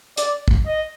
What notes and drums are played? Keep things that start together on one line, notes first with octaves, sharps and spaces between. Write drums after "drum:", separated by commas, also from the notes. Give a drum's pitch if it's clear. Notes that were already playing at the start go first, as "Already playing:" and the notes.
D5, drum: hi-hat
drum: kick
D#5